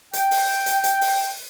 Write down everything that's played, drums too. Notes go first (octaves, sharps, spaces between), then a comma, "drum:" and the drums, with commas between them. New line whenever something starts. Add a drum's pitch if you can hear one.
G5, drum: hi-hat
drum: open hi-hat
drum: hi-hat
drum: hi-hat
drum: open hi-hat